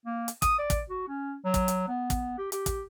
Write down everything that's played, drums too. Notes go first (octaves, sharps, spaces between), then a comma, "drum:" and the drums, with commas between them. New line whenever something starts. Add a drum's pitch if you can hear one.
A#3
drum: hi-hat
D#6, drum: kick, hi-hat
D5
drum: kick, hi-hat
F#4
C#4
F#3
drum: kick, hi-hat
drum: hi-hat
B3
drum: kick, hi-hat
G4
G4, drum: hi-hat
drum: kick, hi-hat